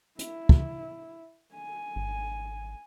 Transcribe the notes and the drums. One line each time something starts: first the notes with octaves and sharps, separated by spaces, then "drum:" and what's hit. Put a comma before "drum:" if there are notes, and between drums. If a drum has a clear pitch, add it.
E4, drum: hi-hat
drum: kick
G#5
G#1